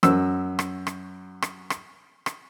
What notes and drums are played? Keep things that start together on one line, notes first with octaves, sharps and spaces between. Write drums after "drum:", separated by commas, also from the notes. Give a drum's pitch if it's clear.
F#2 E6, drum: rim click
drum: rim click
drum: rim click
drum: rim click
drum: rim click
drum: rim click